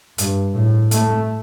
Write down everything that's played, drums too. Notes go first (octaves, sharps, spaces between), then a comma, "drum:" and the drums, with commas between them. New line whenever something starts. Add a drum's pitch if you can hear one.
G2, drum: hi-hat
A2
A3, drum: hi-hat